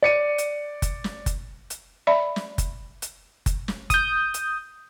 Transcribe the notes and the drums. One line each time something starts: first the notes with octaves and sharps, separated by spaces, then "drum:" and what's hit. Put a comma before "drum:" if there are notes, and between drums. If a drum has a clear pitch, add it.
D5 C#7 D#7
drum: hi-hat
drum: kick F#1, hi-hat
drum: snare
drum: kick F#1, hi-hat
drum: hi-hat
D5 E5 B5
drum: snare
drum: kick F#1, hi-hat
drum: hi-hat
drum: kick F#1, hi-hat
drum: snare
D#6 G6, drum: kick F#1, hi-hat
drum: hi-hat